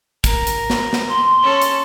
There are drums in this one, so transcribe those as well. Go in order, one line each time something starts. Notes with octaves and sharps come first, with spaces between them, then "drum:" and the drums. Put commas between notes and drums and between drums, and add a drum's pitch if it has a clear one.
A#4, drum: kick, hi-hat
drum: hi-hat
drum: snare
drum: snare
C6
C#4 A4
drum: hi-hat